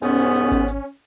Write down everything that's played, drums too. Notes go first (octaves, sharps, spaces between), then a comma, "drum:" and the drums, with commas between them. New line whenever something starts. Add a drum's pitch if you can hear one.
C2 G#2 B3 C#4, drum: hi-hat
drum: hi-hat
drum: hi-hat
drum: kick G#1, hi-hat
drum: hi-hat